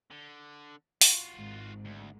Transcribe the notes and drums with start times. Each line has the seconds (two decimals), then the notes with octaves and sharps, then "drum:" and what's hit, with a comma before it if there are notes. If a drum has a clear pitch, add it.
0.10 D3
1.01 F4 F#4, drum: open hi-hat
1.34 G#1 G#2
1.85 D2